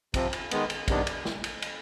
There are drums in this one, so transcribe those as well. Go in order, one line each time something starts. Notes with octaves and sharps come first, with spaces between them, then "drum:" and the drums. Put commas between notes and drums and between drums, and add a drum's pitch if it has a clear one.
C3 F3 C4, drum: kick, cymbal
drum: cymbal
D#3 G#3 B3, drum: cymbal
drum: cymbal
C3 D#3 G3 B3 D4, drum: kick, cymbal
drum: cymbal
drum: snare
drum: cymbal
drum: cymbal